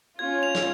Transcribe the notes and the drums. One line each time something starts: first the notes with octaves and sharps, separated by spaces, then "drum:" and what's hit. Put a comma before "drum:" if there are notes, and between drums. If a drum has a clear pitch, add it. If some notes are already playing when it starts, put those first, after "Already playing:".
C#4 F4 G#6
F7
drum: snare